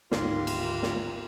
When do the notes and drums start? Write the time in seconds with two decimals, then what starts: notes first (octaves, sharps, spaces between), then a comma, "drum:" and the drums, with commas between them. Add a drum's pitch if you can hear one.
0.12 D1 G#1 G#2 D3 F4 G4 A#4 C6, drum: snare
0.47 drum: cymbal
0.83 drum: snare